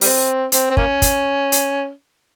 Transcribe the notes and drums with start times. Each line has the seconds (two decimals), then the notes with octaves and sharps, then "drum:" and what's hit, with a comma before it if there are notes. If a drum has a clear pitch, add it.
0.01 G3 C4, drum: open hi-hat
0.52 C4, drum: hi-hat
0.71 C4
0.77 A#3 C#4, drum: kick
1.02 drum: kick, hi-hat
1.52 drum: hi-hat